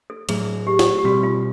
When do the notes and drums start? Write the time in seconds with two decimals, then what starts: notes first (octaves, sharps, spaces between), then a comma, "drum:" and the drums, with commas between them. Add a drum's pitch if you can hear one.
0.10 A4
0.29 A2 F#3 A3 G#4, drum: cymbal
0.67 G4
0.79 drum: snare
0.98 G4
1.04 B2 G3 C4 F#4
1.23 F4